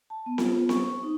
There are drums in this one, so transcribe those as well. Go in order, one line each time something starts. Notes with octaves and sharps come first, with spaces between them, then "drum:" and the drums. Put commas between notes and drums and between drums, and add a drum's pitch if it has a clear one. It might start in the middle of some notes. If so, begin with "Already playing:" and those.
A5
B3
F4, drum: snare C4
B3
C#6, drum: snare C4
C#6
D#4